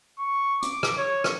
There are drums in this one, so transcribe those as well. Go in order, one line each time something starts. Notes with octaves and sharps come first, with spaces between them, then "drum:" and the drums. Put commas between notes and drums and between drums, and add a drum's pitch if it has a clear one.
C#6
D6, drum: hi-hat
drum: rim click
C#5
drum: rim click